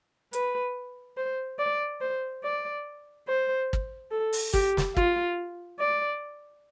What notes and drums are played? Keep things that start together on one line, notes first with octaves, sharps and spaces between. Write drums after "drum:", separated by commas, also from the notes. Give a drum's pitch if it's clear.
B4, drum: hi-hat
C5
D5
C5
D5
C5
drum: kick
A4
drum: open hi-hat
G4, drum: kick
drum: snare
F4, drum: kick
D5